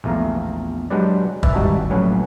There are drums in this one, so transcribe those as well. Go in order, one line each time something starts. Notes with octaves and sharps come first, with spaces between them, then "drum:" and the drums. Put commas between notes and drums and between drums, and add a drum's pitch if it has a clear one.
A#1 E2 A3 F5 A#5
F#3 G#3 D4 G4 B4 D5
B4 D5 E5 G#5, drum: kick
G#1 G3 D#4 F#4 A5
A#1 A2 F#3 C#4 B4 G#5